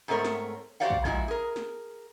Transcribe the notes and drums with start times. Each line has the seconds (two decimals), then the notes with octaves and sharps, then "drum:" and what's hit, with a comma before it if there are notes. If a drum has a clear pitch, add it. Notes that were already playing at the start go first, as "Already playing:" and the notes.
0.08 G#2 A3 B3 C4 A#4 C#5
0.25 drum: snare
0.80 F#4 G4 C5 D5 F5 F#5
0.90 drum: kick
1.05 A#2 F3 G#3 E4 F#4, drum: kick
1.28 G#4 A#4
1.56 drum: snare